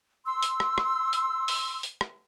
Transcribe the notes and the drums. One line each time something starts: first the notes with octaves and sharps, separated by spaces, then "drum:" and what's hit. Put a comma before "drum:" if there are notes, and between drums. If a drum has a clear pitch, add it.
C6 E6
drum: hi-hat
drum: rim click
drum: rim click
drum: hi-hat
drum: open hi-hat
drum: hi-hat
drum: rim click